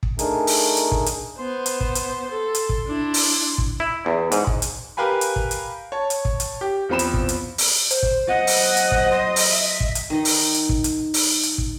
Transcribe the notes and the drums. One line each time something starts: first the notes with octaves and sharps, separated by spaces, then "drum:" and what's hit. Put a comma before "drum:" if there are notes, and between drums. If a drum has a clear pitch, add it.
drum: kick
A3 D4 D#4 G#4 A#4, drum: hi-hat
drum: open hi-hat
drum: hi-hat
drum: kick
drum: hi-hat
B3 C5 C6
drum: hi-hat
drum: kick
drum: hi-hat
A4
drum: hi-hat
drum: kick
D4 E4
drum: open hi-hat
drum: kick
E4
E2
G#2, drum: hi-hat
drum: kick
drum: hi-hat
G4 A#4 B4 F5 G#5 B5
drum: hi-hat
drum: kick
drum: hi-hat
C#5 A5
drum: hi-hat
drum: kick
drum: hi-hat
G4
E2 F3 C4 B5 E7
drum: hi-hat
drum: kick
drum: hi-hat
drum: open hi-hat
C5, drum: hi-hat
drum: kick
F#3 D#5 F#5
drum: open hi-hat
drum: hi-hat
drum: kick
C6
drum: open hi-hat
E5
drum: kick
drum: hi-hat
D#3 D#4 D#5
drum: open hi-hat
drum: hi-hat
drum: kick
drum: hi-hat
drum: open hi-hat
drum: hi-hat
drum: kick